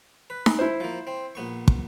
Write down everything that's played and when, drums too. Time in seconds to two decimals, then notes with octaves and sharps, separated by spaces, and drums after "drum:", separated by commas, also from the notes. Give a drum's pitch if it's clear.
0.30 B4
0.46 drum: snare D#4
0.59 E4 C5
0.80 F3 A#3
1.07 C4
1.35 A#1 B3 C#6
1.68 drum: kick